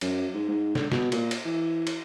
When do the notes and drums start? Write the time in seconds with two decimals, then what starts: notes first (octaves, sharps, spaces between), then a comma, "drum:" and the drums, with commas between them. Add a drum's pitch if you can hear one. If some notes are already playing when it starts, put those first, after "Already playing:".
0.01 F#2, drum: cymbal
0.34 G#2
0.49 G#2
0.75 D3, drum: snare
0.92 B2, drum: snare
1.12 A#2, drum: cymbal
1.31 drum: cymbal
1.45 E3
1.87 drum: cymbal